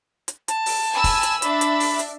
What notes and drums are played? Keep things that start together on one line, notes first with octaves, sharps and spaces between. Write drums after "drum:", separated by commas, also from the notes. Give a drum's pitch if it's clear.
drum: hi-hat
A5, drum: hi-hat
drum: open hi-hat
G#5 B5 E6
drum: kick, open hi-hat
drum: hi-hat
D4 E5 B5, drum: hi-hat
drum: hi-hat
drum: open hi-hat
drum: hi-hat